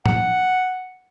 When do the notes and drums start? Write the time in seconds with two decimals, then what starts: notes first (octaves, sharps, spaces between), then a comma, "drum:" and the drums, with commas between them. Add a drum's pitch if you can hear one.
0.06 F#5, drum: tom A2